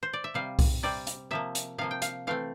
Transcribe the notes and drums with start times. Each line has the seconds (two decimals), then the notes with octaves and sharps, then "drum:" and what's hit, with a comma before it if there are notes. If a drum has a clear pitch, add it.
0.03 C5
0.13 D5
0.24 E5
0.34 C3 G3 C4 F5
0.59 drum: kick C2, open hi-hat
0.83 C3 G3 C4 D5
1.07 drum: hi-hat
1.31 C3 F3 A#3 E5
1.55 drum: hi-hat
1.78 C3 F3 A#3 F5
1.91 G5
2.02 F5, drum: hi-hat
2.27 E3 A3 C4 F5